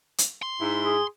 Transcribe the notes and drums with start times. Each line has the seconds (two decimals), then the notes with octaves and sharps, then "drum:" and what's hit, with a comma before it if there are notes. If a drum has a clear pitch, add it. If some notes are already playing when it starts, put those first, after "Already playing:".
0.18 drum: hi-hat
0.42 C6
0.60 G#2 E4
0.85 G#4